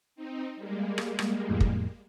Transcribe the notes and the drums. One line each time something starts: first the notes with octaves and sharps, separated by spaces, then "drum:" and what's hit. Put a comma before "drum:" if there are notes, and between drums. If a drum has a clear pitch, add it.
C4 D#4
G3 G#3 A#3
drum: rim click
drum: rim click
F2 A2
drum: kick